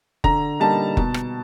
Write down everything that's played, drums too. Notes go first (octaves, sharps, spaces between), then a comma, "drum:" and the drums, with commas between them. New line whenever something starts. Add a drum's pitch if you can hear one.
D3 A#5, drum: kick F1
G3 A#3 D#4 A5
B2, drum: kick F1
drum: rim click